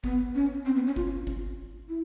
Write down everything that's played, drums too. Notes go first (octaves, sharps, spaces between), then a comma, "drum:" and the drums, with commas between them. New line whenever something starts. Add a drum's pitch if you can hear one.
B3, drum: kick G1
C#4
C4
B3
C#4
F4, drum: kick G1
drum: kick G1
E4